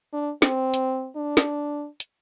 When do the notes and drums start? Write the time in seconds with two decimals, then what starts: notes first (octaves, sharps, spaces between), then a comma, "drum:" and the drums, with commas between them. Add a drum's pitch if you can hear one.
0.13 D4
0.42 C4, drum: snare
0.74 drum: hi-hat
1.16 D4
1.37 drum: snare
2.00 drum: hi-hat